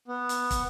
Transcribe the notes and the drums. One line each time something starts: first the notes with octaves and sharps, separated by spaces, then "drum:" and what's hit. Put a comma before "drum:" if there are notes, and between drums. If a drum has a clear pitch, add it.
B3
drum: hi-hat
drum: kick, hi-hat